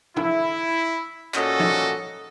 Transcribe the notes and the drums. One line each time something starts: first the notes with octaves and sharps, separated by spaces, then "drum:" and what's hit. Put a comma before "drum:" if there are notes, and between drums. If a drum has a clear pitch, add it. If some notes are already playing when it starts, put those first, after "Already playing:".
E4, drum: tom
A#2 C#4 F#4 A4 D#5, drum: clap
drum: tom F3